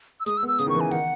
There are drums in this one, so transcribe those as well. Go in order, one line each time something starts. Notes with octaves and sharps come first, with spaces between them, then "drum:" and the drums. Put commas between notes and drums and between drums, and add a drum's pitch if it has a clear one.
E6
G#3 D#6, drum: hi-hat
E6
B3
E6
C#3 D#6, drum: hi-hat
D#3
C#6
E3
G#5
D#3 F#5, drum: open hi-hat